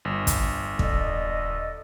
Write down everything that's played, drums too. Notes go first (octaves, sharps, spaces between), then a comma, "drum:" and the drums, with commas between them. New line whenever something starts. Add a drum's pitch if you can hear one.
G1
drum: kick, hi-hat
D#1 A4 D5 D#5, drum: kick